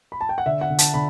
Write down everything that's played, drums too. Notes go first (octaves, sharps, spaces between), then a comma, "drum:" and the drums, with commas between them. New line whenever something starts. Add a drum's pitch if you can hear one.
B5
A5
G5
F#5
D3 E5
F#5
D3
A5, drum: hi-hat
D3 B5